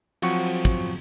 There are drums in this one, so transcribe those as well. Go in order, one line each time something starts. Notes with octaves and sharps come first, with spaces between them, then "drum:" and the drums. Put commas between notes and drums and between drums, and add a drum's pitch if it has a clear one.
F3 F#3 C4 F#5 C#6 C#7, drum: cymbal
drum: kick